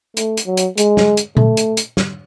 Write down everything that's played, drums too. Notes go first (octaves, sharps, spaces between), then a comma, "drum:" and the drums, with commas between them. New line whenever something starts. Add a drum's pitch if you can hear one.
A3, drum: hi-hat
drum: hi-hat
F#3
drum: hi-hat
G#3, drum: hi-hat
drum: snare
drum: hi-hat
A3, drum: tom A#2
drum: hi-hat
drum: hi-hat
drum: snare